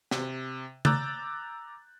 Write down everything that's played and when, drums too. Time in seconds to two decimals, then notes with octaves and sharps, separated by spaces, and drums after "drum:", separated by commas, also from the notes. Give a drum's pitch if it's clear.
0.11 C3, drum: snare
0.85 A#5 D6 E6 F#6 G6 A6, drum: tom C#3